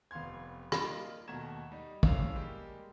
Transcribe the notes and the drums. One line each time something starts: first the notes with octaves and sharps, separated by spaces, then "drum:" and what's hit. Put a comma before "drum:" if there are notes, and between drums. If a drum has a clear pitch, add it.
F1 B3 F5 C6 G#6
A#3 D#4 F4 D5, drum: rim click
D#2 B2 A3 A#5 G#6 E7
G3 D#4
G#1 A2 C#4 F5 E6 F7, drum: kick
G3 G#3 A#3 G4